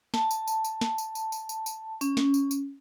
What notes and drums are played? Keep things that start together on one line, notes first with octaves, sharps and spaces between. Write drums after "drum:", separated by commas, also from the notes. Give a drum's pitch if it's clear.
A5, drum: snare
drum: tambourine
drum: tambourine
drum: tambourine
drum: snare
drum: tambourine
drum: tambourine
drum: tambourine
drum: tambourine
drum: tambourine
C#4, drum: tambourine
drum: snare
drum: tambourine
drum: tambourine